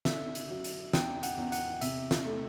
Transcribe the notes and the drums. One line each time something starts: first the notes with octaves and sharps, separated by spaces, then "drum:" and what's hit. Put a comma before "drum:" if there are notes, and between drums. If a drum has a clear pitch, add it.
D3 E5, drum: snare
drum: hi-hat
F#3
drum: hi-hat
E2 G5, drum: snare
F#5, drum: hi-hat
E2
F#5, drum: hi-hat
C3 E5, drum: hi-hat
drum: snare
A3